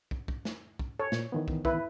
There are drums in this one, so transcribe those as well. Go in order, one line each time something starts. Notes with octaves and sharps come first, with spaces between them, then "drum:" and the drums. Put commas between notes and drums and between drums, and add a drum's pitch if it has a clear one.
drum: kick
drum: kick
drum: snare
drum: kick
A4 C#5
A#2, drum: snare
D#3 E3 B3
drum: kick
E4 B4, drum: kick